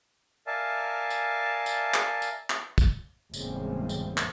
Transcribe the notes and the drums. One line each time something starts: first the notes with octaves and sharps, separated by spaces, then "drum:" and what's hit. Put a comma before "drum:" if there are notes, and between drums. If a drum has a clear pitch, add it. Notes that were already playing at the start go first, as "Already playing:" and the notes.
A#4 D5 E5 F5 G#5 A5
drum: tambourine
drum: tambourine
drum: clap
drum: tambourine
drum: clap
drum: kick, tambourine
F#1 E2 A2 G3 G#3 C4, drum: tambourine
drum: tambourine
drum: clap